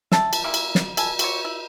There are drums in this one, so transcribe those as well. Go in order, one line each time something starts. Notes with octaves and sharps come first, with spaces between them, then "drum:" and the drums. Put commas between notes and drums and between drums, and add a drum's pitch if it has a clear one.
E5 A5, drum: snare
drum: cymbal
G3 G#3 A#3 E4
drum: cymbal
drum: snare
A4 G#5, drum: cymbal
F#3 C4 G4 C#5, drum: cymbal
E4